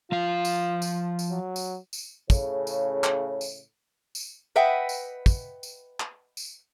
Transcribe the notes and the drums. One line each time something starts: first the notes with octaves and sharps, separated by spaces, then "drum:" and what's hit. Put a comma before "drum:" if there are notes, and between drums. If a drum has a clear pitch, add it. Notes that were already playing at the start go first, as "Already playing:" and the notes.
F3 F4 F5
drum: tambourine
drum: tambourine
drum: tambourine
F#3
drum: tambourine
drum: tambourine
A2 C#3, drum: kick, tambourine
drum: tambourine
drum: clap
drum: tambourine
drum: tambourine
B4 D#5 E5 F#5 G5
drum: tambourine
drum: kick, tambourine
drum: tambourine
drum: clap
drum: tambourine